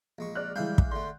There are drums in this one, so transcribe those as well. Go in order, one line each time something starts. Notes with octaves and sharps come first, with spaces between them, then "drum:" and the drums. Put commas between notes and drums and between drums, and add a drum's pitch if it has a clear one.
A#1 G#3 C#6
D5 F6 F#6
E3 G3 G#3 E5 F5 G6
drum: kick
D3 A3 C6